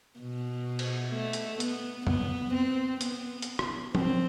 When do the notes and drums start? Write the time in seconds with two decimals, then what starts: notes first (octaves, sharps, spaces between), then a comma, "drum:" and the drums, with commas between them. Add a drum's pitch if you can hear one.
0.19 B2
0.79 drum: cymbal
1.13 A3
1.33 drum: hi-hat
1.60 B3, drum: hi-hat
2.07 B3, drum: tom
2.54 C4
3.01 B3, drum: hi-hat
3.42 drum: hi-hat
3.59 drum: rim click
3.95 C4, drum: tom F3